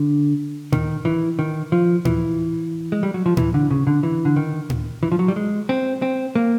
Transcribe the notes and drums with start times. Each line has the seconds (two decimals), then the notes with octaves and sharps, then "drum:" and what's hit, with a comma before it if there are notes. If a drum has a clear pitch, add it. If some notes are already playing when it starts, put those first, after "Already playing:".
Already playing: D3
0.73 D#3, drum: tom A2
1.05 E3
1.39 D#3
1.72 F3
2.05 E3, drum: tom A2
2.92 G#3
3.03 G3
3.14 F#3
3.26 F3
3.37 E3, drum: tom A2
3.54 D3
3.71 C#3
3.87 D3
4.03 E3
4.25 D3
4.36 D#3
4.70 drum: tom A2
5.03 E3
5.12 F3
5.19 F#3
5.28 G3
5.36 G#3
5.69 C4
6.02 C4
6.35 A#3